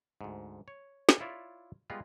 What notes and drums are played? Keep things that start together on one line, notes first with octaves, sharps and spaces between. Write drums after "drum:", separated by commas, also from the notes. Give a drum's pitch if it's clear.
D2 G#2
C#5
drum: snare
E4 F4 C#5 D5 E5
G3 G#3 B3 F4 B4